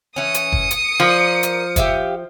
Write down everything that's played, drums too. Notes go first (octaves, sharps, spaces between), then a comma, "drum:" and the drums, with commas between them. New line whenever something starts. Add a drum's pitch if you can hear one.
E3 C#4 D#6 C#7
drum: hi-hat
drum: kick
drum: hi-hat
F3 A#4 D5
drum: hi-hat
G4 E5 F5, drum: kick, hi-hat